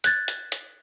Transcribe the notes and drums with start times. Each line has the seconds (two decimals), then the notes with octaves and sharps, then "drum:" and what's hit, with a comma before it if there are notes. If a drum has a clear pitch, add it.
0.04 F#6 G#6 A6, drum: hi-hat
0.28 drum: hi-hat
0.52 drum: hi-hat